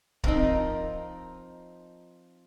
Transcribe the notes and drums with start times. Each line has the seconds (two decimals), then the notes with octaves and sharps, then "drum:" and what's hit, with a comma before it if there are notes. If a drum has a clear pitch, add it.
0.24 F3 C4 D#4 A#4, drum: kick C#1